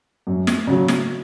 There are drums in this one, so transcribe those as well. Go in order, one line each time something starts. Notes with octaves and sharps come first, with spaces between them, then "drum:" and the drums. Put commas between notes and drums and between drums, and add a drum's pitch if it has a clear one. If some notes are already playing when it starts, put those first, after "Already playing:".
F#2
drum: snare
C#3 F#3
drum: snare